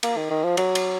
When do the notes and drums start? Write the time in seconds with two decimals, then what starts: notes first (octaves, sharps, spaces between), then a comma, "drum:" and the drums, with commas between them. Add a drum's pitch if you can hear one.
0.03 A#3, drum: cymbal
0.17 D#3
0.30 D#3
0.44 F3
0.57 F#3, drum: cymbal
0.75 drum: cymbal